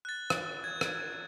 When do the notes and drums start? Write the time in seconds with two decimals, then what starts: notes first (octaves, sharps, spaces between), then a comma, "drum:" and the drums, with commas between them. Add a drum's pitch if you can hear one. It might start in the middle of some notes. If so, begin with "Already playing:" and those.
0.05 F#6 A6
0.30 drum: rim click
0.64 G#6
0.81 drum: rim click